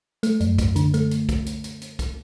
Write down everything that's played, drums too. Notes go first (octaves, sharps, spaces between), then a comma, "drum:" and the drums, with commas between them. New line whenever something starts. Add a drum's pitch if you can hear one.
A3, drum: hi-hat
F#2, drum: hi-hat
F#2, drum: kick, hi-hat
D3, drum: hi-hat
A3, drum: hi-hat
drum: hi-hat
drum: kick, hi-hat
drum: hi-hat
drum: hi-hat
drum: hi-hat
drum: kick, hi-hat